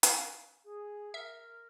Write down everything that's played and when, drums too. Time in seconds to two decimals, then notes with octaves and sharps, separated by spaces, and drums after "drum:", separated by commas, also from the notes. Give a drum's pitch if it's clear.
0.03 F5 G#5, drum: hi-hat
0.65 G#4
1.14 A#4 E5